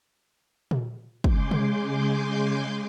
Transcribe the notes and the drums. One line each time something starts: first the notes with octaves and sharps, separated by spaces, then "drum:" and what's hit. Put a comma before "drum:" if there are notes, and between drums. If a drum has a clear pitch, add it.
drum: tom A#2
C#3 G#3 G#4 C6 D6 G6, drum: kick
drum: tom C3